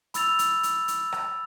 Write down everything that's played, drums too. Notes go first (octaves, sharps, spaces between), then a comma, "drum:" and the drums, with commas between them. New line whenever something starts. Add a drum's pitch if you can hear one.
B5 E6 A6 F7, drum: hi-hat
drum: hi-hat
drum: hi-hat
drum: hi-hat
drum: rim click